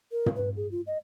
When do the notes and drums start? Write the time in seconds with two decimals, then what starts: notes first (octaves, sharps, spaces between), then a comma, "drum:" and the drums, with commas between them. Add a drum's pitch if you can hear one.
0.12 A#4
0.26 drum: tom
0.36 B4
0.56 G#4
0.71 F4
0.87 D#5